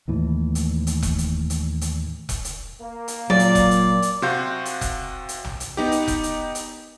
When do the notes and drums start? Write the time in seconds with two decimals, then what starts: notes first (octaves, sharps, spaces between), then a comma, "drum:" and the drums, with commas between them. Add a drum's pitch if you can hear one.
0.08 D#2 A2 E3
0.55 drum: hi-hat
0.87 drum: hi-hat
1.02 drum: kick E1, hi-hat
1.18 drum: hi-hat
1.50 drum: hi-hat
1.81 drum: hi-hat
2.29 drum: kick E1, hi-hat
2.45 drum: hi-hat
2.80 A#3
3.08 drum: hi-hat
3.30 A#2 F#3 D5
3.39 drum: hi-hat
3.55 drum: kick E1, hi-hat
3.71 drum: hi-hat
4.02 drum: hi-hat
4.22 C3 F#4 F5 C6 G6
4.65 drum: hi-hat
4.81 drum: kick E1, hi-hat
5.29 drum: hi-hat
5.44 drum: tom A#1
5.60 drum: hi-hat
5.77 B3 D#4 G4
5.92 drum: hi-hat
6.08 drum: kick E1, hi-hat
6.23 drum: hi-hat
6.55 drum: hi-hat